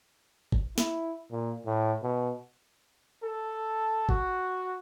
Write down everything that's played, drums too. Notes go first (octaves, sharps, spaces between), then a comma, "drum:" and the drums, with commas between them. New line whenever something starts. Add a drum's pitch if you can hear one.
drum: kick G#1
E4, drum: snare
A#2
A2
B2
A4
F#4, drum: kick G#1